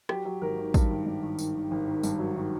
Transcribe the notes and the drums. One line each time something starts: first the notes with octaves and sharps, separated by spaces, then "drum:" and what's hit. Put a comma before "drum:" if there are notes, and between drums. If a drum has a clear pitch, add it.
F#3 G4, drum: rim click
F#3
G#1 A#4
D#3
G2, drum: kick, tambourine
D#3
G2
D#3
D#3, drum: tambourine
D#3
G#1
D#3
G2, drum: tambourine
F#3
D#3